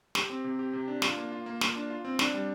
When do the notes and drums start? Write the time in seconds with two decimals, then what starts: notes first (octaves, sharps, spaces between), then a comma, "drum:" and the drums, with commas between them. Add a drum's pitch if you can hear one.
0.15 G4, drum: snare
0.30 C4
0.44 C3
0.59 G4
0.73 C3
0.88 D4
1.02 F4, drum: snare
1.17 A#3
1.32 F4
1.46 A#3
1.61 F4, drum: snare
1.76 D4
1.90 F4
2.05 C4
2.19 D4, drum: snare
2.34 G3